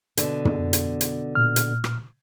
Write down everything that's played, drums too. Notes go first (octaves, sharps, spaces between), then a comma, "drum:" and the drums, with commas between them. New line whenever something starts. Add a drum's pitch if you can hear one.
B2 D3, drum: hi-hat
drum: tom
drum: hi-hat
drum: hi-hat
A#2 F6
drum: hi-hat
drum: rim click